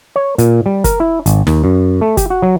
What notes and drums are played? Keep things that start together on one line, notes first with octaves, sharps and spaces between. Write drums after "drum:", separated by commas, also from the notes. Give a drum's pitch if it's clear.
C#5
A#2, drum: hi-hat
G3
A#4, drum: kick, hi-hat
E4
G#1, drum: hi-hat
D#2, drum: snare
F#2
A3
G4, drum: kick, hi-hat
F#4
F#3